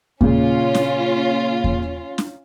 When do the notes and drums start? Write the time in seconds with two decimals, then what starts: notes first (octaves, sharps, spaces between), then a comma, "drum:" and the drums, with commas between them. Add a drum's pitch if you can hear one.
0.21 A#2 C#3 C#4 F4, drum: kick E2
0.75 drum: snare
1.64 drum: kick E2
2.18 drum: snare